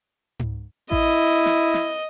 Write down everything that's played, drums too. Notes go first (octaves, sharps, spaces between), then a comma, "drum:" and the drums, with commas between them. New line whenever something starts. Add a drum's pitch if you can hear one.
drum: tom G#2
E4 D#5, drum: kick A1
drum: snare
drum: snare